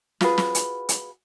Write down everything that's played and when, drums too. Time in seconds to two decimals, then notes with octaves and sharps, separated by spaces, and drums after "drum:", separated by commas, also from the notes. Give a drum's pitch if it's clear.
0.21 F4 F#4 G#4 B4, drum: snare
0.38 drum: snare
0.55 drum: hi-hat
0.89 drum: hi-hat